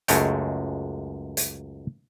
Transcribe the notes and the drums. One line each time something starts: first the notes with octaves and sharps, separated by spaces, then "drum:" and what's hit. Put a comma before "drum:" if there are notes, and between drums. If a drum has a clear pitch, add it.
C#2 F#2 G#3 A3 C#5 G5, drum: hi-hat
drum: hi-hat